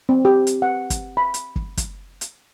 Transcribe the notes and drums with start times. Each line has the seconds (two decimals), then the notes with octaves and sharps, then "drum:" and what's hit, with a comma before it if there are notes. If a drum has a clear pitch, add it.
0.09 C4
0.25 G4
0.47 drum: hi-hat
0.62 F#5
0.90 drum: kick, hi-hat
1.17 B5
1.34 drum: hi-hat
1.56 drum: kick
1.77 drum: kick, hi-hat
2.21 drum: hi-hat